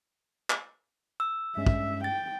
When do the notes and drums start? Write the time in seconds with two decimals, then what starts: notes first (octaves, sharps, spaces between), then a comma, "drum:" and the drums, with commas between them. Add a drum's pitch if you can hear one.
0.50 drum: clap
1.20 E6
1.57 G2 G#3 C#4 E5
1.67 drum: kick
2.04 G5 A6